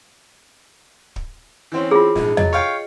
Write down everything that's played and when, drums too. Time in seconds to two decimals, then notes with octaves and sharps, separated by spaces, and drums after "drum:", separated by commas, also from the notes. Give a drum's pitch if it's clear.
1.16 drum: kick
1.72 E3 C4 C#4
1.91 F4 G#4
2.15 A#1 G#2, drum: snare
2.37 F#3 D#5, drum: tom E2
2.53 C#5 F5 G5